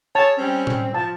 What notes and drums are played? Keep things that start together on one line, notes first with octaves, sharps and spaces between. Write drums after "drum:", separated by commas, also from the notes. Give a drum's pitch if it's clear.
G#4 C#5 A5
G3 C4 C#4
drum: tom A2
F3 A5